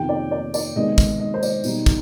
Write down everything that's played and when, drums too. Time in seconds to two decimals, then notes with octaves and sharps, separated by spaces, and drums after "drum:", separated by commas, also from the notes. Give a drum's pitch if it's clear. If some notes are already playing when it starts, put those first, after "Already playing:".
Already playing: F2 C3 D#3 B3 G5
0.09 D5
0.31 D5
0.54 D5, drum: tambourine
0.76 C3 D#3 G#3 B3 D#5
0.98 drum: kick, tambourine
1.20 D#5
1.34 C5
1.43 D5, drum: tambourine
1.64 B2 G3 B3 D#4, drum: tambourine
1.86 drum: kick, tambourine